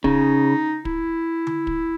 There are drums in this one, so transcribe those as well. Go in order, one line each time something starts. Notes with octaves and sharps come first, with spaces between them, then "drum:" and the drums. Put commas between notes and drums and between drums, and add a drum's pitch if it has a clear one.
C#3 D#4, drum: kick
E4, drum: kick
drum: tom D3
drum: kick